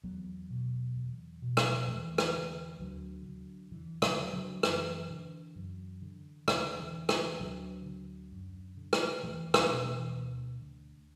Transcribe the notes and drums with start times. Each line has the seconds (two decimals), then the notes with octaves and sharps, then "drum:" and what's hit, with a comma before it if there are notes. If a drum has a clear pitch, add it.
0.04 E2 F#3 B3
0.50 B2
0.96 E2
1.42 B2
1.57 drum: rim click
1.84 F#3
1.87 E2 E3 A3
2.18 drum: rim click
2.34 D3
2.79 D2 D3 F#3
3.26 D3
3.71 E2 E3
4.02 D3 F#3, drum: rim click
4.18 D3
4.33 D3 F#3
4.63 F#2 E3, drum: rim click
5.09 D3
5.56 F#2
6.02 D3
6.48 E2 D3, drum: rim click
6.78 E3
6.93 D3
7.09 E3, drum: rim click
7.40 D2 D3 F#3
7.86 D3
8.32 F#2
8.77 D3
8.93 drum: rim click
9.23 E2 E3 A3
9.54 A3 D4, drum: rim click
9.69 B2
9.85 E3
10.15 D2
10.62 D3